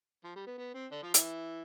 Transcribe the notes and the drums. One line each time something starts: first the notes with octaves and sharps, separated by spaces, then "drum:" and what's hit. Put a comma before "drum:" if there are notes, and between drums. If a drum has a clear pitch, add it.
F3
G3
B3
B3
C4
D3 D4
F3 F4
E3 E4, drum: hi-hat